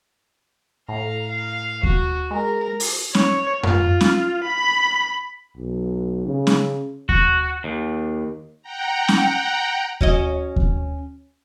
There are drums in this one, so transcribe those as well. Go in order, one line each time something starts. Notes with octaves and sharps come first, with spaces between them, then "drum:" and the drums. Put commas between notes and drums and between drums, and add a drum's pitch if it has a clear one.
A2 F5 A#5
F5
F#4, drum: kick D#2
G#3 A#4
drum: open hi-hat
C#5, drum: snare C#4
F4, drum: tom F#2
drum: snare C#4
B5
B1
C#3
drum: snare C#4
F#4, drum: kick D#2
D#2
F#5 G5 A#5
drum: snare C#4
C#4 F#4 D#5, drum: kick D#2
drum: kick D#2